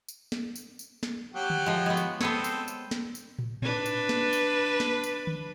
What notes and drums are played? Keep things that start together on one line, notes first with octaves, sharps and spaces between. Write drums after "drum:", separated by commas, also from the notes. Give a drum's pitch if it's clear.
drum: tambourine
drum: snare
drum: tambourine
drum: tambourine
drum: snare
F#3 F#4 G4
drum: tom D3
F3 G#3
G#3 B3
drum: tambourine
B3 C4 A4 B4 C#5, drum: snare
drum: tambourine
drum: tambourine
drum: snare
drum: tambourine
drum: tom A2
D4 B4, drum: tom A2
drum: tambourine
drum: snare
drum: tambourine
drum: snare
drum: tambourine
drum: tom D3